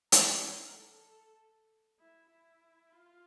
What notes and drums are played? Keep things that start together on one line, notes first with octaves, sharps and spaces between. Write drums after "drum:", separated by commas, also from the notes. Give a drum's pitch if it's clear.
A#4, drum: hi-hat
A4
E4
E4
F4